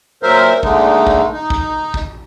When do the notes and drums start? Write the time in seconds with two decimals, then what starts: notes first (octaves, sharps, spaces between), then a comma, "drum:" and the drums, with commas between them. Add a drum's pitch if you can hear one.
0.23 A#2 F#3 A#4 C5 E5
0.63 A#2 D3 G#3 A3 D#4, drum: kick
1.07 drum: kick
1.32 D#4
1.50 drum: kick
1.94 drum: kick